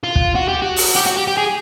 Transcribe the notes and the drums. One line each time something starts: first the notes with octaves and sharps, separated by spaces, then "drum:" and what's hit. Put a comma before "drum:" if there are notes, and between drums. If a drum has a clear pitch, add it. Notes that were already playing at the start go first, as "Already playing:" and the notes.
F4
drum: kick
F#4
G4
F#4
drum: open hi-hat
G4
F#4
G4
G4
G#4